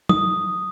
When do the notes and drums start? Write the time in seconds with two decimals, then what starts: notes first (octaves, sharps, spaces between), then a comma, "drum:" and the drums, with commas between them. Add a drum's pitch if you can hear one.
0.09 D#6, drum: tom